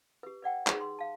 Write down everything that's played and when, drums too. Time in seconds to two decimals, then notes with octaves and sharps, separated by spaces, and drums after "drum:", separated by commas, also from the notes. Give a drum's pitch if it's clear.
0.23 G4 B4
0.43 B4 D5 F#5 G5
0.67 D#4 G#4 B4, drum: clap
0.81 C6
0.99 F5 A5